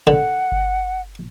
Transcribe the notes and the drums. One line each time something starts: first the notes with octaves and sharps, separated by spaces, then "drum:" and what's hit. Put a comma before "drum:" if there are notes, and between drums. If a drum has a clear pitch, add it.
D3 F#5
drum: kick G1